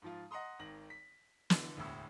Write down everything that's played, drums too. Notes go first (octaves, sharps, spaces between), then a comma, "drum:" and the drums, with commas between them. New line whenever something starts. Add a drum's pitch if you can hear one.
G#2 F3 F4
D#5 F#5 A#5 C6 D#6
G#1 D#3 A#6 F#7
B6
D3 E3, drum: snare
E1 D2 A2 E6